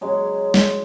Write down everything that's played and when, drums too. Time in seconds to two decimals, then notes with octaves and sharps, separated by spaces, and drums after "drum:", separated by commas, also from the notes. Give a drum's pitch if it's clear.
0.01 C#3 F#3 G#3
0.54 drum: snare